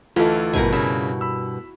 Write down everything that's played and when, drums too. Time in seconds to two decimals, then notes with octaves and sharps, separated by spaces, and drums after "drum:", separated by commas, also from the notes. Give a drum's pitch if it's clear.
0.16 D2 E3 A3 F4 A4 D#5 F5
0.53 G2 B2 E4 A#4 G#5, drum: kick
0.73 C#3 E4 F#4 E5
1.21 B5 E6